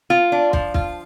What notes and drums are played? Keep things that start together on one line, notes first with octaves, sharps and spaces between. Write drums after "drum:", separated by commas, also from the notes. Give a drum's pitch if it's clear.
F4
D4
F3, drum: kick
F4, drum: kick